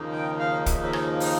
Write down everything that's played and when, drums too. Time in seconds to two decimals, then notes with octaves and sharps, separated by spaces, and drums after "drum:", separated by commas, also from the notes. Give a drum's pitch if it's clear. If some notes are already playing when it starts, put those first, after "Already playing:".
Already playing: D#2 C#3 F3 A#3 D#4
0.12 G5
0.39 F5
0.66 E5, drum: kick, hi-hat
0.83 E5
0.93 drum: rim click
1.20 drum: open hi-hat